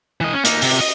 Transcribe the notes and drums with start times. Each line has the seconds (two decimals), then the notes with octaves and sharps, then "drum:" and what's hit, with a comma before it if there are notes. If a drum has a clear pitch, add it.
0.21 E3 D#5
0.33 C#4
0.45 A#3 D#4, drum: hi-hat
0.62 C3, drum: open hi-hat
0.81 D#5